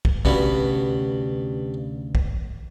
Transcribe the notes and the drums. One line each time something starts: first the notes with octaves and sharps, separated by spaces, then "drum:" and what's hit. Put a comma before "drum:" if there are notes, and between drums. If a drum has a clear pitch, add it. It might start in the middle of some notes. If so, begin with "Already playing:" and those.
drum: kick
D2 G2 C3 B3 C#4 F#4, drum: kick
drum: kick